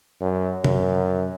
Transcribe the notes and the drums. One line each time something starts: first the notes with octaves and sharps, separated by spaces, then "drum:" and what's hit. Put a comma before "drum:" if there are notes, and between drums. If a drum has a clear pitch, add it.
F#2
F#2, drum: tom C3